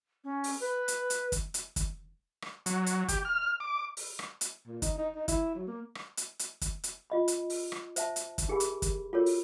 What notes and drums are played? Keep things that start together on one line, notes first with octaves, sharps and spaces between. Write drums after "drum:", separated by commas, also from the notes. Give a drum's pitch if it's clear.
C#4
drum: open hi-hat
B4
drum: hi-hat
drum: hi-hat
drum: kick, hi-hat
drum: hi-hat
drum: kick, hi-hat
drum: rim click
F#3, drum: hi-hat
drum: hi-hat
G4, drum: kick, hi-hat
F6
D6
drum: open hi-hat
drum: rim click
drum: hi-hat
A#2
D#4, drum: kick, hi-hat
D#4
D#4
E4, drum: kick, hi-hat
F#3
A#3
drum: rim click
drum: hi-hat
drum: hi-hat
drum: kick, hi-hat
drum: hi-hat
F4 D#5 B5
drum: hi-hat
drum: open hi-hat
drum: rim click
C5 E5 A5, drum: hi-hat
drum: hi-hat
drum: kick, hi-hat
D#4 G4 G#4 A#4 G#5 B5
drum: hi-hat
drum: kick, hi-hat
F4 F#4 A4 A#4 C#5
drum: open hi-hat